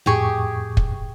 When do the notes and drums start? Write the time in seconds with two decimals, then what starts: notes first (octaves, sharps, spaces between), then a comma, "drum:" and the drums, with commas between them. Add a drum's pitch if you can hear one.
0.06 F2 A2 G4 G#4 C#6
0.77 drum: kick